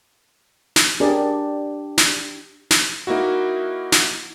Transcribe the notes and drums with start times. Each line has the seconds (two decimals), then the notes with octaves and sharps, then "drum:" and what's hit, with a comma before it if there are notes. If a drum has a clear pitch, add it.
0.76 drum: snare
1.00 D4 G4 G#4 A#4 D5
1.98 drum: snare
2.71 drum: snare
3.07 A#3 D#4 E4 F#4
3.92 drum: snare